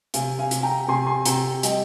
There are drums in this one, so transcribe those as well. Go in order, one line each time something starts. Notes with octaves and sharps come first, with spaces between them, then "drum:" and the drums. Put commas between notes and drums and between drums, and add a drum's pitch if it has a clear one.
C3 F5 G#5, drum: hi-hat
F5 G#5
C3, drum: hi-hat
G5 A#5
C3 G#5 C6
G#5 C6
C3 G5 A#5, drum: hi-hat
G3 D#5 G5, drum: hi-hat